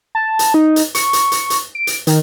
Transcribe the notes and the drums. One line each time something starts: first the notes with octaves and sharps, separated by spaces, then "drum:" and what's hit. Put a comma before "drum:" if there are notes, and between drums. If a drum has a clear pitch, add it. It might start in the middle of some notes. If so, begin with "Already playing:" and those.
A5
drum: hi-hat
D#4
drum: hi-hat
C#6, drum: hi-hat
drum: hi-hat
drum: hi-hat
drum: hi-hat
D7
drum: hi-hat
D#3, drum: hi-hat